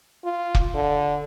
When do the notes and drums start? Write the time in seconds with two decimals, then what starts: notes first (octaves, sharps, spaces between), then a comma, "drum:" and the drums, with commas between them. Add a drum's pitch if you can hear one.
0.25 F4
0.55 drum: kick
0.75 D3